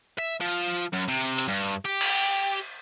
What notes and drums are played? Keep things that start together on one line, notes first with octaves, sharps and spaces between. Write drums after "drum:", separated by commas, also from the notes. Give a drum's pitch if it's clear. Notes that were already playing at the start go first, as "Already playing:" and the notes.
E5
F3
F#2
C3
drum: hi-hat
G2
G4
drum: cymbal